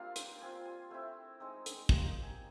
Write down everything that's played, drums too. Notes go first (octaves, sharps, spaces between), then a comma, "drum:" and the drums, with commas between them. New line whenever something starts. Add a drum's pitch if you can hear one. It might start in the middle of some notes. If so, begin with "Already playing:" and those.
Already playing: G3 A#3 C4 D4 F4 F5
G5, drum: hi-hat
G5
G3 C4 F4 G#5
G#5
A3 C4 E4 G5
G#3 C4 D#4
drum: hi-hat
G3 A#3 D#4, drum: kick
G5
G#5